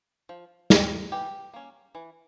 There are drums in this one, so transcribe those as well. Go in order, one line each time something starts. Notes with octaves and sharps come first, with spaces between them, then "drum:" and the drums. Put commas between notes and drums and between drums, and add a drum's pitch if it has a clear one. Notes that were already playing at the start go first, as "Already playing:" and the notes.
F3
C4, drum: snare
E3 G4
A#3 C#4
E3